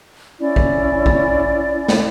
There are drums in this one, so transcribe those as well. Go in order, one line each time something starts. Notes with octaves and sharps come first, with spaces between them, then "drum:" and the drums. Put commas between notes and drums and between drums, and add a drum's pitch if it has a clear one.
C#4 E4 D5
drum: kick A#1
drum: kick A#1
drum: snare